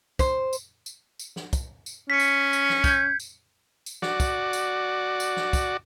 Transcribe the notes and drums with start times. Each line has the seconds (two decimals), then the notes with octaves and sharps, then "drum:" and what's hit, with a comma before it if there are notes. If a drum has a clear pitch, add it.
0.19 C5, drum: kick, tambourine
0.53 drum: tambourine
0.86 drum: tambourine
1.19 drum: tambourine
1.36 drum: snare
1.53 drum: kick, tambourine
1.86 drum: tambourine
2.10 C#4 B6 C#7
2.20 drum: tambourine
2.53 drum: tambourine
2.70 drum: snare
2.84 G6 G#6, drum: kick, tambourine
3.20 drum: tambourine
3.86 drum: tambourine
4.02 F#4 D5, drum: snare
4.20 drum: kick, tambourine
4.53 drum: tambourine
5.20 drum: tambourine
5.37 drum: snare
5.53 drum: kick, tambourine